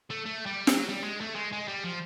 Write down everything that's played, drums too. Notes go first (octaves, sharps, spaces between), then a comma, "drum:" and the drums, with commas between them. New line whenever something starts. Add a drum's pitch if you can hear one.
A3
A3
G3
F#3, drum: snare
G3
G#3
A3
G#3
G#3
G3
F3